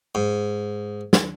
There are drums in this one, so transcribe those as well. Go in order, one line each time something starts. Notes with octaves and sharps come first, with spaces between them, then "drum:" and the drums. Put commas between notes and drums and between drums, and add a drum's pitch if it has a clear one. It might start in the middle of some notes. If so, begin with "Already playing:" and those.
G#2
drum: snare